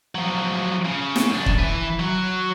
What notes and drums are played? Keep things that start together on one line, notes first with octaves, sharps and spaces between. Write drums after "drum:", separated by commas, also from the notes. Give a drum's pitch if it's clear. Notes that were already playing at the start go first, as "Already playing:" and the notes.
F3 F#3
C#3
drum: snare
F#2 D4
drum: kick
E3 B4
F#3 F#4